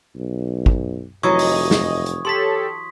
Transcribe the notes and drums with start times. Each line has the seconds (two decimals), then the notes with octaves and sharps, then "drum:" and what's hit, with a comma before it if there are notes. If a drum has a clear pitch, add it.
0.15 B1
0.66 drum: kick
1.23 F1 E3 F#3 D#5 C#6 D#6 G#6
1.39 drum: open hi-hat
1.71 drum: snare
2.06 drum: hi-hat
2.25 G4 A4 C#5 C6 B6